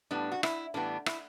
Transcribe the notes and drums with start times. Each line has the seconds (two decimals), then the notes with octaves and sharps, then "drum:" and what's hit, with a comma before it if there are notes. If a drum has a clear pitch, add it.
0.11 A2 G3 B3 D4
0.32 F#4
0.43 E4, drum: rim click
0.74 A2 E3 G3 B3 D4
1.06 E4, drum: rim click